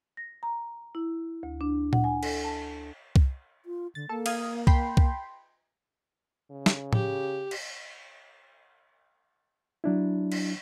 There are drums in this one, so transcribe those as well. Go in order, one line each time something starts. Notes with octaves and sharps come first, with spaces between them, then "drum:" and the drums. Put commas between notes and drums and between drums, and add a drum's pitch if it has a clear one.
A#6
A#5
E4
D2
D4
F#5, drum: tom A#2
G#5
A4, drum: cymbal
A5
drum: kick C2
F4
D3 A6
A#3 A4
F5 D#6 G#6, drum: cymbal
G5 B5 C6, drum: kick C2
drum: kick C2
C#3
drum: snare
G4, drum: tom A2
drum: cymbal
F#3 D4 E4
drum: cymbal